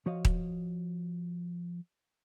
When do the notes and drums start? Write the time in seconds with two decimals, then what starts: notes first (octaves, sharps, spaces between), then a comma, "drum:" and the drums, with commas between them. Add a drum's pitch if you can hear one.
0.06 F3 F#4 C#5 D#5 F5
0.25 drum: kick D#1